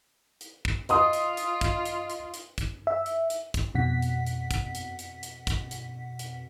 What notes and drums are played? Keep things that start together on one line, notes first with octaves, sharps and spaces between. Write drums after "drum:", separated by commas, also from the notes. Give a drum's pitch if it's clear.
drum: hi-hat
drum: kick
F4 D#5 C6 D#6, drum: hi-hat
drum: hi-hat
drum: hi-hat
drum: kick, hi-hat
drum: hi-hat
drum: hi-hat
drum: hi-hat
drum: kick, hi-hat
E5
drum: hi-hat
drum: hi-hat
drum: kick, hi-hat
F2 B2 F#5 B6
drum: hi-hat
drum: hi-hat
drum: kick, hi-hat
drum: hi-hat
drum: hi-hat
drum: hi-hat
drum: kick, hi-hat
drum: hi-hat
drum: hi-hat